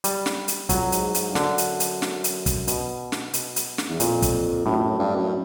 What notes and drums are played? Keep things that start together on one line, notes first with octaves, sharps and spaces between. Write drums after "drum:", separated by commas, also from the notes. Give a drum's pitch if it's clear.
G3, drum: hi-hat
drum: snare
drum: hi-hat
F2 F#3, drum: kick, hi-hat
G#2, drum: hi-hat
G#2, drum: hi-hat
G2
F#2 D3, drum: snare
drum: hi-hat
drum: hi-hat
drum: snare
drum: hi-hat
drum: kick, hi-hat
B2, drum: hi-hat
drum: snare
B2, drum: hi-hat
drum: hi-hat
drum: snare
E2
F2 A#2, drum: hi-hat
drum: kick, hi-hat
F#2 A2
F2
F#2
G2
F#2